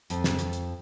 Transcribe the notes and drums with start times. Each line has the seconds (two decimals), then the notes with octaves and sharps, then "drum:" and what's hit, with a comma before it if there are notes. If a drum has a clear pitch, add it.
0.10 F2, drum: hi-hat
0.24 drum: snare
0.39 drum: hi-hat
0.53 drum: hi-hat